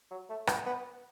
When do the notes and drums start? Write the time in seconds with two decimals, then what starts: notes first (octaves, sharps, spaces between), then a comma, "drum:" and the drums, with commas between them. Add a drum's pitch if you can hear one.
0.11 F#3
0.30 A3
0.47 B3, drum: rim click
0.66 B3